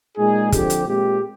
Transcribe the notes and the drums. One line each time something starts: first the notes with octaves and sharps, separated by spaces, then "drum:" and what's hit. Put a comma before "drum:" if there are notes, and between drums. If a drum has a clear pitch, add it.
A#2 G#3 D#4 G#4
D3 F3 C4 G4, drum: kick, hi-hat
drum: hi-hat
A#2 G#3 C4 G4